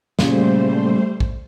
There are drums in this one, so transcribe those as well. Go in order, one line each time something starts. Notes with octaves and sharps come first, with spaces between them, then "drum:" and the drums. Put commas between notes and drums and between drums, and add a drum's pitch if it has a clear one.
A#2 C#3 G3 A3 C5, drum: snare
drum: kick